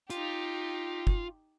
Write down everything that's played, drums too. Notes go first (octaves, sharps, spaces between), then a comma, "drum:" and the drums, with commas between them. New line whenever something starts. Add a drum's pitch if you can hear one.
D#4 F4 G4, drum: hi-hat
drum: kick